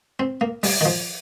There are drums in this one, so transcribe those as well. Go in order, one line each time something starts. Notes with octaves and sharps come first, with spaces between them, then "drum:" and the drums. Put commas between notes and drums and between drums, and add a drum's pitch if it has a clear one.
C4
A#3
G3, drum: open hi-hat
D#3
F3